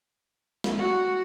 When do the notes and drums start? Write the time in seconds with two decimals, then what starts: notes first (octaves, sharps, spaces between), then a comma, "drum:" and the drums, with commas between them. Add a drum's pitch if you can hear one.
0.64 drum: snare
0.79 F#4